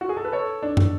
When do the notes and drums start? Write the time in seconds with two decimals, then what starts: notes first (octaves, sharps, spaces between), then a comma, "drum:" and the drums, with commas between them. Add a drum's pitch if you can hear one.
0.01 F#4
0.09 G#4
0.17 A4
0.25 B4
0.32 A4 C#5
0.62 D4
0.77 drum: tom